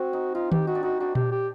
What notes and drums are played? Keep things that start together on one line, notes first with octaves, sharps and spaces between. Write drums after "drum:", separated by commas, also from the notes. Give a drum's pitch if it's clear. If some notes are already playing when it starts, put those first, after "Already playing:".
Already playing: C4 F#4
D#4
D#4 F4
G4, drum: tom D#3
D#4 F#4
D4
D#4 F#4
D4 F#4
G4, drum: tom A#2
G4